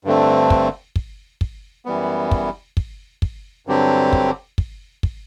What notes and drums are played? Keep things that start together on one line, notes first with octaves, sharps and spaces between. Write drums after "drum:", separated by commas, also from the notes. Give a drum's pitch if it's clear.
G2 D3 A3 C4
drum: kick
drum: kick
drum: kick
F#2 E3 G3 B3
drum: kick
drum: kick
drum: kick
G2 D3 F#3 C4 G4
drum: kick
drum: kick
drum: kick